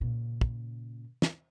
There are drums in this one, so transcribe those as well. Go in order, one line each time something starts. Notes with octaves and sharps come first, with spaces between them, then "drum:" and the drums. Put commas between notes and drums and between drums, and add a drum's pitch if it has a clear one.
A#2 C#3
drum: kick
drum: snare